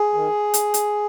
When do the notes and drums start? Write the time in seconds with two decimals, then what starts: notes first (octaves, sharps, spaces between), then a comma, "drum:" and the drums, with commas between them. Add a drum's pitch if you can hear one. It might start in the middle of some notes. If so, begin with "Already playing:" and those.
Already playing: G#4
0.14 D#3
0.54 drum: hi-hat
0.74 drum: hi-hat